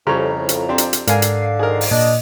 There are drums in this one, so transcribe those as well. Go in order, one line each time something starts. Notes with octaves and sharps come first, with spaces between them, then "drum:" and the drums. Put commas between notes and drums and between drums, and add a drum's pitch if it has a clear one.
F2 A2 C#3 G3 C#5 A#5
drum: hi-hat
C4 D4 G4
drum: hi-hat
drum: hi-hat
G#2 D3 A#4 F5 G#5 C7, drum: hi-hat
drum: hi-hat
D#3 F3 G#4 A#4
drum: open hi-hat
A#2 D4 D#5